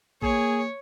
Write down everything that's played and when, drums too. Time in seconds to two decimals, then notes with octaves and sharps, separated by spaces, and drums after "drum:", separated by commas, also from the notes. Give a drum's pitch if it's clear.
0.22 A#3 G#4 C#5, drum: kick